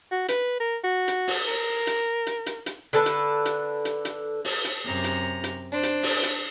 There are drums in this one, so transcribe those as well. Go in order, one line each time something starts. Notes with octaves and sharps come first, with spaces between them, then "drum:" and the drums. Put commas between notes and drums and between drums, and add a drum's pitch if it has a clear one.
F#4
B4, drum: hi-hat
A#4
F#4
drum: hi-hat
drum: open hi-hat
A#4
drum: hi-hat
drum: hi-hat
drum: hi-hat
drum: hi-hat
D3 A4 B4
drum: hi-hat
drum: hi-hat
drum: hi-hat
drum: hi-hat
drum: open hi-hat
drum: hi-hat
F#2 C3 A#5
drum: hi-hat
drum: hi-hat
D4 C5
drum: hi-hat
drum: open hi-hat
drum: hi-hat